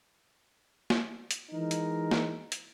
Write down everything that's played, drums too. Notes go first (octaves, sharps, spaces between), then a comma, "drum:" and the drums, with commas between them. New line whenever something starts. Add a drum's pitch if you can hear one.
drum: snare
drum: hi-hat
E3 G#3 D#4 A#4
drum: hi-hat
drum: snare
drum: hi-hat